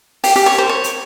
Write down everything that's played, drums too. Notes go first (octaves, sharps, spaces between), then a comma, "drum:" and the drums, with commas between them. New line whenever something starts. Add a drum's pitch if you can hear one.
G4, drum: open hi-hat
G4
C#5
C5
C#5
drum: hi-hat